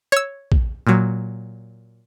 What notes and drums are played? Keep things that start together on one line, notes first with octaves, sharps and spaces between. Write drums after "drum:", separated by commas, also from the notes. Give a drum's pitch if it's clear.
C#5 E6
drum: kick
A#2 F#3